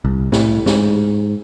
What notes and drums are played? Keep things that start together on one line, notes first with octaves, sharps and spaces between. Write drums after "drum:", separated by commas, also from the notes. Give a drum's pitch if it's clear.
C2
A2, drum: snare
G#2, drum: snare